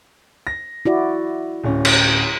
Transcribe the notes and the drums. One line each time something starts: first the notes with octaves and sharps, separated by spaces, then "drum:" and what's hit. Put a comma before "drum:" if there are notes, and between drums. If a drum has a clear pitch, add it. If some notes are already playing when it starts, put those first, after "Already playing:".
A#6
E4 F#4 D5
D1 C#4
drum: cymbal